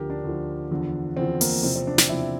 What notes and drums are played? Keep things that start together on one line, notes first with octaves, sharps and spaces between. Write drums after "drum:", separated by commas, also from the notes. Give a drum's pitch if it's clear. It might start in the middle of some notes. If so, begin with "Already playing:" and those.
Already playing: D2 D3 F3 G4 A#4
D4
D2 D3 F3
E2 D3 F3
E2 D3 F3 C4
A#3, drum: open hi-hat
E2 C3 F3 C4
C4
D4
C4, drum: snare
E2 C3 F3 E4